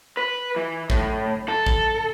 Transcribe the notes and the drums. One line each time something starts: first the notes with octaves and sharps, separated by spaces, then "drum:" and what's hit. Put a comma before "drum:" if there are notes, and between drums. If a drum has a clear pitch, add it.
B4
E3
A2, drum: kick
A4
drum: kick